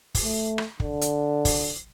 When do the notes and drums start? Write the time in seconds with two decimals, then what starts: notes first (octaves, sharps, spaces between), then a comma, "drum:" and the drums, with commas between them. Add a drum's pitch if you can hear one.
0.15 drum: kick, open hi-hat
0.24 A3
0.58 drum: rim click
0.80 D3, drum: kick
1.01 drum: hi-hat
1.45 drum: kick, open hi-hat